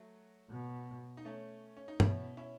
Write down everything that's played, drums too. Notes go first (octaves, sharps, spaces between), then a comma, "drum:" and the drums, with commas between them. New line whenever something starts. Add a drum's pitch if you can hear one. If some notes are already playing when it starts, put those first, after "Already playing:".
Already playing: F#3 A3
B2
D#4
A3 C#4
C#4
D#4
B2 C#4 E4, drum: tom G2
C#4 E4